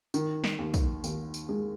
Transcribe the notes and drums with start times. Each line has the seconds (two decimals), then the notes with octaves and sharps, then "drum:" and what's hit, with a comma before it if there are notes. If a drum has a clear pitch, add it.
0.14 D#3, drum: tambourine
0.44 drum: snare
0.59 D#2
0.74 drum: kick, tambourine
1.04 D#2, drum: tambourine
1.34 drum: tambourine
1.49 G#3